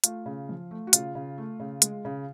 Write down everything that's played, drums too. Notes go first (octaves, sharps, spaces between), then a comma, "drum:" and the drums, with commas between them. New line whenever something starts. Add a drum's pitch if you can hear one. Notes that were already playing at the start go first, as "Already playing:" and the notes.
A3 F4, drum: hi-hat
C#3
F3
A3
F#4
C#3 F4, drum: hi-hat
C#3
A3
C#3
G#3, drum: hi-hat
C#3